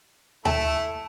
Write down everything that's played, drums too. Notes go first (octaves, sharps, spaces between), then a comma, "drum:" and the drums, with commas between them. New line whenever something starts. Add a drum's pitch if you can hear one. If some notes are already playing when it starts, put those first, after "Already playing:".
A3 E4 A4 A5, drum: tom D2